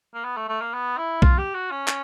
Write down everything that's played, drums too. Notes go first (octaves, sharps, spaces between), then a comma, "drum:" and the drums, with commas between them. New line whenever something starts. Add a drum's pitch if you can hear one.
A#3
B3
A3
A3
A#3
B3
E4
F4, drum: kick B1
G4
F#4
C#4
drum: clap